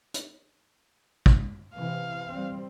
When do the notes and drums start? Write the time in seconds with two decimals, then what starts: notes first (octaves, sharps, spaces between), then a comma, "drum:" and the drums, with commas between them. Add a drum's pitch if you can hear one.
0.14 drum: hi-hat
1.26 drum: kick
1.75 C3 E3 F5
2.28 G3 C4